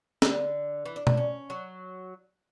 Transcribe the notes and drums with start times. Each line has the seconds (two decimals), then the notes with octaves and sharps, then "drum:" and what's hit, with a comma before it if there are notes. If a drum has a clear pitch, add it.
0.22 D3, drum: snare
0.86 E3
0.96 D4
1.07 D4, drum: tom B2
1.17 C#4
1.50 F#3